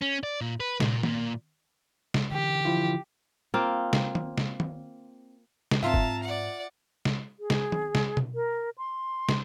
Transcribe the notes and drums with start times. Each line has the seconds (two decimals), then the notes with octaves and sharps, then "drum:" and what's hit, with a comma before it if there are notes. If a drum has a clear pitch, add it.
0.02 C#4
0.23 D5
0.41 A#2
0.60 B4
0.80 A#2, drum: snare
1.03 A#2, drum: tom D#3
2.14 drum: snare
2.32 D3 E3 G4
2.65 F3 E4 F4
3.54 A#3 C4 F4
3.93 drum: snare
4.15 drum: tom D#3
4.38 drum: snare
4.60 drum: tom D#3
5.71 drum: snare
5.83 G#2 C4 F4 E5 A5 A#5
5.94 drum: kick
6.23 D5 F#5
7.05 drum: snare
7.39 G#4
7.50 drum: snare
7.72 drum: tom D#3
7.95 drum: snare
8.17 drum: tom B2
8.35 A#4
8.78 C6
9.29 drum: snare